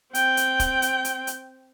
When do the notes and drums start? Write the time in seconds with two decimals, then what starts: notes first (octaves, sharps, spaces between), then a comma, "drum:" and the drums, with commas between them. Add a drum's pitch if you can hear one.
0.15 C4 G5, drum: hi-hat
0.37 drum: hi-hat
0.60 drum: kick, hi-hat
0.82 drum: hi-hat
1.05 drum: hi-hat
1.27 drum: hi-hat